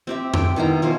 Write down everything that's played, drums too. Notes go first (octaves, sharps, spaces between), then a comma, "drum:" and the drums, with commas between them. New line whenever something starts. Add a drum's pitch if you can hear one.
C4 G4 E5
G5, drum: tom F2
B2 D#3 E4 A#5
B2 F3 C#4 C5